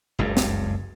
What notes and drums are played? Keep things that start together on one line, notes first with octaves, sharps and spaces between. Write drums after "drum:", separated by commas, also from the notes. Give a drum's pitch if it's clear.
F#1 C#2 G2
drum: snare